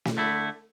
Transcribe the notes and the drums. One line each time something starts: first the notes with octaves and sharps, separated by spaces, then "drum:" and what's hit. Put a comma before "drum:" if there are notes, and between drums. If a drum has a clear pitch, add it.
drum: snare
D3 A3 E4